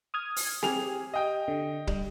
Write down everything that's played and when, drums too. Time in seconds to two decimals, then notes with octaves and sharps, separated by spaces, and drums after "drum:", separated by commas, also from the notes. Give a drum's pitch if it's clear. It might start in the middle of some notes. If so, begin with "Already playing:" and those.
0.14 D#6 F6 G#6
0.36 drum: open hi-hat
0.63 G4 G#4 F7, drum: snare C4
1.13 D#5 G5
1.48 D3
1.87 G3, drum: kick